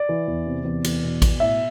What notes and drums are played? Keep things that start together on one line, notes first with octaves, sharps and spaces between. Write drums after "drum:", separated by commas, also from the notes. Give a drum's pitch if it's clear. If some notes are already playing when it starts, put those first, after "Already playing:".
Already playing: D5
E3
E2
C3
E2
E2, drum: cymbal
B2
B2, drum: kick A1, cymbal
A2 E5